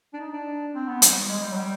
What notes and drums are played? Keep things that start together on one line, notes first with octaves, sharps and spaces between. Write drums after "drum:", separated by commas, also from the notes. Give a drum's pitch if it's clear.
D4
D#4
D4
C4
B3
G3, drum: hi-hat
G#3
G3
F#3
G3